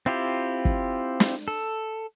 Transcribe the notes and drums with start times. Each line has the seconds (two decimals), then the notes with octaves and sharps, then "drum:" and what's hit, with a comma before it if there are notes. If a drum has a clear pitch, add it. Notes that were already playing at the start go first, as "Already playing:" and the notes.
0.06 C4 E4 F4 G4
0.65 drum: kick
1.20 drum: snare
1.48 A4